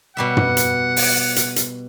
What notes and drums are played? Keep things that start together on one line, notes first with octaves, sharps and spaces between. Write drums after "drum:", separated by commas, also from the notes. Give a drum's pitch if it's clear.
B2 G3 E5 F#5
drum: tom
drum: hi-hat
drum: open hi-hat
drum: hi-hat
drum: hi-hat